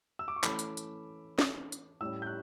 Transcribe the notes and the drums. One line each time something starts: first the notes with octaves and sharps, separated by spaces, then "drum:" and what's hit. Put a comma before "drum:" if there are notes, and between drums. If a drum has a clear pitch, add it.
E6
D6
C#6
E3 A3 C#4 B5, drum: clap
drum: hi-hat
drum: hi-hat
drum: snare
drum: hi-hat
A2 G3 C#4 E6
G6
F#6